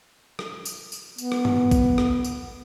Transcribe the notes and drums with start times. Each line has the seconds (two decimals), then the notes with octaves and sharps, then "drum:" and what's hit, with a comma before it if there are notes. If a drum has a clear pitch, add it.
0.39 drum: rim click
0.65 drum: tambourine
0.92 drum: tambourine
1.18 B3, drum: tambourine
1.32 drum: rim click
1.45 drum: tom G2
1.71 drum: kick, tambourine
1.98 drum: rim click
2.24 drum: tambourine